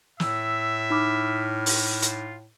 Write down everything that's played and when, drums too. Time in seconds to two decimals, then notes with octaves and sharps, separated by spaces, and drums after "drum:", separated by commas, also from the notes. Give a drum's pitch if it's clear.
0.20 A2 E5 E6, drum: snare
0.90 D#4 B5 D6 F6
1.66 drum: open hi-hat
2.02 F4, drum: hi-hat